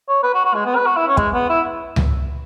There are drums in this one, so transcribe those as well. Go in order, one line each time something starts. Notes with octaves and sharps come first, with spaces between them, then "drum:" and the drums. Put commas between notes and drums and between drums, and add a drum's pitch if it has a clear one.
C#5
B4
F#4
F#4
G#3
B3
B4
F#4
E4
C#4
G#3, drum: kick
B3
E4
drum: tom C#2